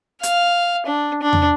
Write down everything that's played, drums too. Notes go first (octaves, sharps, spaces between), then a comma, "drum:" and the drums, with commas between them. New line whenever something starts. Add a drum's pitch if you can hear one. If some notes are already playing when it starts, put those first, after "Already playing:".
F5, drum: hi-hat
D4
D4
drum: tom E2